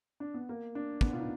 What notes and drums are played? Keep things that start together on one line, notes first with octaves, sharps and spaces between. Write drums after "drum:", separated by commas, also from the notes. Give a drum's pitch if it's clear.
D4
B3
A#3
D4
B3, drum: kick
F4
D#4